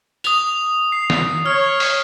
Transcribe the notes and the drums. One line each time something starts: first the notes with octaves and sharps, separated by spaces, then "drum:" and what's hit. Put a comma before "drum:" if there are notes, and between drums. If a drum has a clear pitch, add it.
D#6 F7, drum: tambourine
C7
drum: snare
C#5 F6
drum: open hi-hat